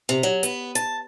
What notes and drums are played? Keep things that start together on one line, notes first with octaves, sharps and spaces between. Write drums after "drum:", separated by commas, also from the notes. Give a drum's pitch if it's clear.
C3
F#3
B3, drum: hi-hat
A5, drum: hi-hat